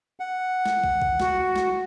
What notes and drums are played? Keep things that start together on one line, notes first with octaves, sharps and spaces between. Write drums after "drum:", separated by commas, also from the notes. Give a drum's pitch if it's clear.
F#5
drum: snare
drum: kick
drum: kick
F#4, drum: snare
drum: snare